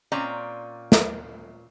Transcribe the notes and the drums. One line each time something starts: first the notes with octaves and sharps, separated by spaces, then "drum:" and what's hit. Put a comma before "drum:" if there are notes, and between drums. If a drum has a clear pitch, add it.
A#2 C4 C#4 D5 A#5
drum: snare